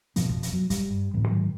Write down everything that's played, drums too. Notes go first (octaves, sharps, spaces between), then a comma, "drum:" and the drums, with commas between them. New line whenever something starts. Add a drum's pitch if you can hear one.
F2 B2 F3 B3, drum: hi-hat
drum: kick
drum: hi-hat
F#3
G3, drum: kick, hi-hat
G2
D2 A2 E3 C4
G#2 D#3 F#3